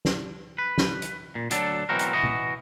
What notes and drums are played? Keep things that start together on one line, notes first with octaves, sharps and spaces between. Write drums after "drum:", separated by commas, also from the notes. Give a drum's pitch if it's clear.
drum: snare
B4
drum: snare
drum: hi-hat
A#2
D2 F#3 D4 A4, drum: hi-hat
B2 E3 F#3 C4 F#4 A#4
drum: hi-hat
E3 F#4 D#5
drum: tom B2